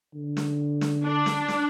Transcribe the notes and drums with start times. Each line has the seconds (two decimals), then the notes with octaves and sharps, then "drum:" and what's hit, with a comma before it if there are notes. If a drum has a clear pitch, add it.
0.14 D3
0.37 drum: snare
0.81 drum: snare
1.04 D4
1.26 drum: snare
1.48 drum: snare